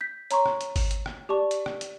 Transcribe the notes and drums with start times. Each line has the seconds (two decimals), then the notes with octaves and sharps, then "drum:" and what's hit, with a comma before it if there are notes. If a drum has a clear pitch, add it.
0.01 G6 B6
0.31 C#5 A#5 C6 C#6, drum: hi-hat
0.46 drum: rim click
0.61 drum: hi-hat
0.76 drum: kick G#1, open hi-hat
0.91 drum: hi-hat
1.06 drum: rim click
1.29 G4 D5 A5 C#6
1.51 drum: hi-hat
1.66 drum: rim click
1.81 drum: hi-hat